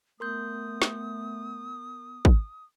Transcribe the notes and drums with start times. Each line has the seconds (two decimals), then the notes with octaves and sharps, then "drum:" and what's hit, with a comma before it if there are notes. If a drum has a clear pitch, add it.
0.20 A3 B3 A#4 C6 D#6 G6
0.82 drum: snare
2.25 drum: kick